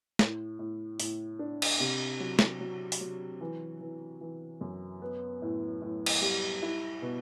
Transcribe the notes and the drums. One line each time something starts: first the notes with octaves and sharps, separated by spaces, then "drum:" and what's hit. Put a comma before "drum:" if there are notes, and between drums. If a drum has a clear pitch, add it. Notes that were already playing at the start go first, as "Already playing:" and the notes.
A2, drum: snare
A2
A2, drum: open hi-hat
D4
drum: cymbal
C3
F#3
drum: snare
F#3
drum: open hi-hat
F#3
E3
E3
E3
F#2
B3
A2
A2
drum: cymbal
G3
E4
B2